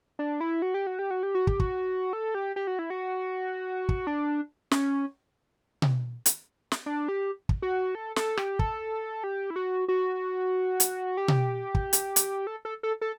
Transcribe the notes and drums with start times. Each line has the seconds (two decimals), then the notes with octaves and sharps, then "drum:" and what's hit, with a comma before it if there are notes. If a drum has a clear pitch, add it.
0.19 D4
0.41 E4
0.62 F#4
0.74 G4
0.87 F#4
0.99 G4
1.11 F#4
1.23 G4
1.35 F#4
1.47 G4, drum: kick
1.60 F#4, drum: kick
2.13 A4
2.35 G4
2.56 G4
2.67 F#4
2.79 E4
2.90 F#4
3.89 drum: kick
4.07 D4
4.71 C#4, drum: snare
5.82 drum: tom B2
6.26 drum: hi-hat
6.72 drum: snare
6.86 D4
7.08 G4
7.49 drum: kick
7.62 F#4
7.95 A4
8.16 A4, drum: snare
8.37 G4, drum: rim click
8.59 A4, drum: kick
9.24 G4
9.50 E4
9.56 F#4
9.88 F#4
10.80 drum: hi-hat
11.17 G4
11.28 drum: tom B2
11.75 drum: kick
11.93 drum: hi-hat
12.16 drum: hi-hat
12.47 A4
12.65 A4
12.83 A4
13.01 A4